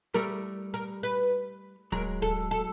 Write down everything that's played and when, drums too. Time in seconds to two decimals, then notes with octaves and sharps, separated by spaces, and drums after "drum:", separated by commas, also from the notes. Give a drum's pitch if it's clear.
0.14 G3 A3 A#4
0.74 A#4
1.03 B4
1.92 F#3 G#3 A#4, drum: kick D1
2.22 A4, drum: kick D1
2.51 A4